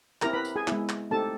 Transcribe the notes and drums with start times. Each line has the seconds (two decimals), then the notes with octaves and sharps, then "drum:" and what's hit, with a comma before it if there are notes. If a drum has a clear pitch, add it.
0.22 C4 E4 G4 A#4 A#5, drum: clap
0.33 B4 B5
0.45 drum: tambourine
0.56 G#4 G#5
0.68 G#3 B3 E4, drum: clap
0.89 drum: clap
1.11 A3 C4 D#4 G4 A4 A5